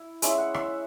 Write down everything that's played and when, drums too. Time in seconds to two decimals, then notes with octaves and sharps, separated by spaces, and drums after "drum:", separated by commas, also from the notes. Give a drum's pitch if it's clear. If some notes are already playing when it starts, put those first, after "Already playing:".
Already playing: E4
0.22 G#3 C#4 E4 E5, drum: hi-hat
0.38 F#5
0.54 E5, drum: rim click